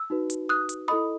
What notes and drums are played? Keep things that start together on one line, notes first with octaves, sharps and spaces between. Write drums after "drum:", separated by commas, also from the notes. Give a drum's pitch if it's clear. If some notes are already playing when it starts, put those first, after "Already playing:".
Already playing: E6
D#4 F#4 B4
drum: hi-hat
D#6 F#6
drum: hi-hat
E4 A4 D#5 B5 D#6